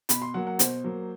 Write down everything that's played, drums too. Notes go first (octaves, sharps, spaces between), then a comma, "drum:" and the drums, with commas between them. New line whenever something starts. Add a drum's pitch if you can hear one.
B2 B5, drum: hi-hat
C6
F#3 A#3 F#5
F#5
B2 C5, drum: hi-hat
F#3 A#3